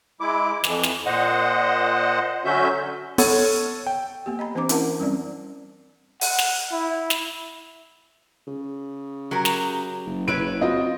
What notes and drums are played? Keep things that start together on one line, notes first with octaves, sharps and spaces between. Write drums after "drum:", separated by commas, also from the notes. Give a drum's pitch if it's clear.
G#3 E4 D6
F2 E3, drum: snare
drum: snare
A#2 C5 D#5 F#5
D3 F#3 C#4 F#4 E5 G6
B3 A4 C#5, drum: open hi-hat
G5
A#3 B3 G4
D#5 A#5 B5
E3 C4 D4 C5 A#5 D6
C#4 D4 E4 A#4 F#5 A5, drum: hi-hat
G3 C4 C#4 D5
F#5, drum: open hi-hat
drum: snare
E4
drum: snare
C#3
F#3 G4 A#4
drum: snare
F#1
E4 B4 C#5 D7
C4 F4 F#4 D#5